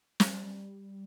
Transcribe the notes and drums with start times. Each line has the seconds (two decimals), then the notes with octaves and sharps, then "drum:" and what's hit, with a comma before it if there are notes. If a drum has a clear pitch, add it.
0.20 G3, drum: snare